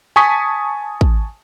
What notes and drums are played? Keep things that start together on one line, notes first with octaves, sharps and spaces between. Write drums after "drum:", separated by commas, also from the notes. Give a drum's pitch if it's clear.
G#5 A5 C#6 D#6 B6
drum: kick